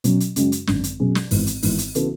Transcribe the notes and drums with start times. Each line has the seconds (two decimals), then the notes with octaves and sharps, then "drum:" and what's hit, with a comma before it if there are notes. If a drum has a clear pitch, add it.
0.04 B2 F#3 C#4, drum: hi-hat
0.20 drum: hi-hat
0.36 F#2 C#3 G#3 C#4 F#4, drum: hi-hat
0.52 drum: hi-hat
0.67 G#1 F#2 D3, drum: snare
0.84 drum: hi-hat
0.99 B2 F#3 C#4 G#4
1.15 drum: snare
1.31 G#1 G#2 E3 B3, drum: open hi-hat
1.47 drum: hi-hat
1.63 G#1 G#2 E3 G#3 B3, drum: open hi-hat
1.78 drum: hi-hat
1.95 C#3 E3 B3 F#4 A4, drum: hi-hat